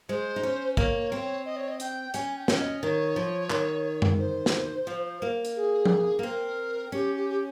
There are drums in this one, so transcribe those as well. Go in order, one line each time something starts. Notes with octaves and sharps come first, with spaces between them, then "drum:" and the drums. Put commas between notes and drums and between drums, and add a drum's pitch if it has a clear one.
G#3 C5
D#4
C#4
A#3 C#5, drum: kick
C4
D#5
C#5
D#5
G5, drum: hi-hat
C#4 G#5, drum: hi-hat
G5
C#4, drum: snare
D#5
D#3 C#5
F3
D#3, drum: clap
drum: tom F#2
C5
drum: snare
F3
A#3
drum: hi-hat
G#4
drum: tom F3
A#3
C4 A#4
C#4 G4
G4
G4